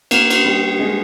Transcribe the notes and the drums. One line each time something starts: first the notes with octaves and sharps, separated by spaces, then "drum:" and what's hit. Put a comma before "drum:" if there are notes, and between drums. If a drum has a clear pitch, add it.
A#3, drum: cymbal
drum: cymbal
G3
G#3